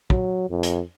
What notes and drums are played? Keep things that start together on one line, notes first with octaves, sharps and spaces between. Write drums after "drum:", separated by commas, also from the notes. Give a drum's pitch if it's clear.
F#3, drum: kick
F2
drum: hi-hat